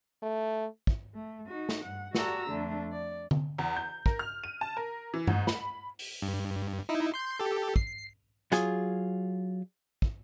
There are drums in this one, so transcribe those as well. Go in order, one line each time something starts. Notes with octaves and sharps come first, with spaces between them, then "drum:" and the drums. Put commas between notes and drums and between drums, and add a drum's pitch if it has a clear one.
A3
drum: kick
A3
D#4 F#4
drum: snare
G2 F#5
F#4 G4 A4 D5 A#5 E6, drum: snare
F2 D3 A3 D4
D5
drum: tom D3
E2
G6
A#4, drum: kick
F6
D#7
A5
A#4
E3
G#2, drum: tom G2
B5, drum: snare
drum: open hi-hat
G2
D#4 E4
C6 G6
G4 A4
C7, drum: kick
F#3 F4 G#4, drum: hi-hat
drum: kick